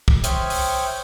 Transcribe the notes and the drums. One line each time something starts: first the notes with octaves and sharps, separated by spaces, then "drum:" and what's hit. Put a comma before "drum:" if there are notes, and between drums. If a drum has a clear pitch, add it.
drum: kick
C5 C#5 E5 G5 D#6 F6, drum: hi-hat
drum: open hi-hat